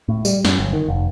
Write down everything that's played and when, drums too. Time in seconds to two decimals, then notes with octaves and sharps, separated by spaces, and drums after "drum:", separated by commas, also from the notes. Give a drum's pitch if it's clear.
0.08 A2
0.25 G3, drum: tambourine
0.45 F#2, drum: snare
0.58 G1
0.73 D#3
0.88 F1